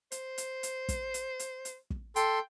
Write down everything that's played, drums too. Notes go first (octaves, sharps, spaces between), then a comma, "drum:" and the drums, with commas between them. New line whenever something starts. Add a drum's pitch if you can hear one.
C5, drum: hi-hat
drum: hi-hat
drum: hi-hat
drum: kick, hi-hat
drum: hi-hat
drum: hi-hat
drum: hi-hat
drum: kick
A4 G5 C6, drum: hi-hat